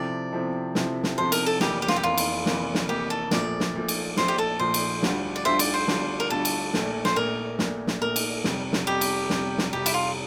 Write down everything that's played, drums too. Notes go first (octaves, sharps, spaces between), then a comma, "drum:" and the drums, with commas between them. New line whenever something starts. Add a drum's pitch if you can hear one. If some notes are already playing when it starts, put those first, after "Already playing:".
Already playing: C3 F3 C4 E4 A4 D5
C3 F3 C4 E4 A4
C3 F3 C4 E4 A4, drum: snare
drum: snare
C3 F3 C4 E4 A4 C5
A#4, drum: cymbal
A4
F1 F2 E3 A#3 G4, drum: snare
G4
F4, drum: snare
G4
F1 F2 E3 A#3 F4
drum: cymbal
F1 F2 E3 A#3, drum: snare
drum: snare
F1 F2 E3 A#3 G4
A4
A#1 A#2 F3 A3 D5, drum: snare
drum: snare
A#1 A#2 F3 A3
drum: cymbal
A#1 A#2 F3 A3 C5, drum: snare
G4
A4
A#1 A#2 F3 A3 C5
drum: cymbal
D2 D3 G3 D4 F4, drum: snare
D5
D2 D3 G3 D4 F4 C5 E5
D5, drum: cymbal
C5
D2 D3 G3 D4 F4, drum: snare
A#4
D2 D3 G3 D4 F4 A4
drum: cymbal
A#1 A#2 A3, drum: snare
C5, drum: snare
A#1 A#2 A3 A#4
A#1 A#2 A3, drum: snare
drum: snare
A#1 A#2 A3 A#4
drum: cymbal
F2 C3 G3, drum: snare
drum: snare
F2 C3 G3 G4
drum: cymbal
F2 C3 G3, drum: snare
drum: snare
F2 C3 G3 G4
E4, drum: cymbal
F4